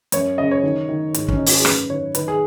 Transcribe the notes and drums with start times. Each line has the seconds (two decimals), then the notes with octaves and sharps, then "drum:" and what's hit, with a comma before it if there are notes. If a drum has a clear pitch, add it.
0.12 F#2 C#5, drum: hi-hat
0.38 C#3 D#5
0.51 C#5
0.63 D#3
0.89 D#3
1.14 G#2, drum: hi-hat
1.28 C#4, drum: kick
1.37 D#3 D#4
1.46 F#4, drum: open hi-hat
1.55 G#4
1.65 F#2 B4, drum: rim click
1.90 D#3 C#5
2.15 D#3 B4, drum: hi-hat
2.28 G#4